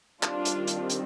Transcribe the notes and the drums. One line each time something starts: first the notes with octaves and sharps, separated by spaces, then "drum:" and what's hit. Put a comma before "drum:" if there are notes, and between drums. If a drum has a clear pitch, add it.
D#3 G3 C4 D4 F4, drum: clap
drum: hi-hat
drum: hi-hat
drum: hi-hat